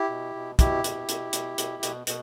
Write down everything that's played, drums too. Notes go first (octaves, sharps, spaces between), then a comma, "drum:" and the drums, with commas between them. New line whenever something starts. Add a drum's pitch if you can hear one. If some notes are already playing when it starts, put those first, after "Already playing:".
Already playing: E4 G4
B2
B2
B2 E4 G4, drum: kick, hi-hat
B2, drum: hi-hat
B2, drum: hi-hat
B2, drum: hi-hat
B2, drum: hi-hat
B2, drum: hi-hat
B2, drum: hi-hat